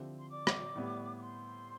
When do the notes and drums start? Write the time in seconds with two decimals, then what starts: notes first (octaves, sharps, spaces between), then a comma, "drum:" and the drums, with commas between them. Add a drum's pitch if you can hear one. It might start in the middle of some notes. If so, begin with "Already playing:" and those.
Already playing: D3 F3 C4 E4 G4
0.18 C6
0.29 D5 D6
0.47 drum: rim click
0.76 A2 G3 B3
1.16 D6
1.21 C5 C6